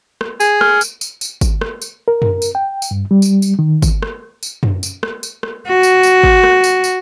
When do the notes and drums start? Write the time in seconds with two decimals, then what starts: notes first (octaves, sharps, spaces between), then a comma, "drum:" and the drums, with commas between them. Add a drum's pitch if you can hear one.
0.21 drum: rim click
0.40 G#4, drum: tambourine
0.61 F6, drum: rim click
0.81 drum: tambourine
1.01 drum: tambourine
1.21 drum: tambourine
1.41 drum: kick, tambourine
1.61 drum: rim click
1.82 drum: tambourine
2.08 A#4
2.22 drum: tom F#2
2.42 drum: tambourine
2.55 G5
2.82 drum: tambourine
2.91 G2
3.11 G3
3.22 drum: tambourine
3.42 drum: tambourine
3.59 D#3
3.82 drum: kick, tambourine
4.03 drum: rim click
4.43 drum: tambourine
4.63 drum: tom F#2
4.83 drum: tambourine
5.03 drum: rim click
5.23 drum: tambourine
5.43 drum: rim click
5.68 F#4
5.83 drum: tambourine
6.03 drum: tambourine
6.23 drum: kick
6.44 drum: rim click
6.64 drum: tambourine
6.84 drum: tambourine